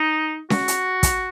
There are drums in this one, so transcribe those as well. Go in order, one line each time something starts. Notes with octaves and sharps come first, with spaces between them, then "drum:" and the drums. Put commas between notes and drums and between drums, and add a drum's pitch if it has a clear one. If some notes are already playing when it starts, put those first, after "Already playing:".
Already playing: D#4
F#4, drum: snare C#4
drum: hi-hat
drum: kick, hi-hat